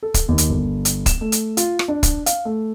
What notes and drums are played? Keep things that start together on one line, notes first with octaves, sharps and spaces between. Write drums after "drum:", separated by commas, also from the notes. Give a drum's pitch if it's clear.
A4
drum: kick, hi-hat
D#2
drum: hi-hat
G1
drum: hi-hat
E7, drum: kick, hi-hat
A3
drum: hi-hat
F4, drum: hi-hat
drum: rim click
D4
drum: kick, hi-hat
F5, drum: hi-hat
A3